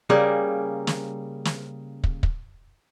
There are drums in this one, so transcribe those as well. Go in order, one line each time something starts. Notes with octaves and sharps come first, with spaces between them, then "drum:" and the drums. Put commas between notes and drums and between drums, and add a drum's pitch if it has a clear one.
C#3 G3 A#3 G#4
drum: snare
drum: snare
drum: kick
drum: kick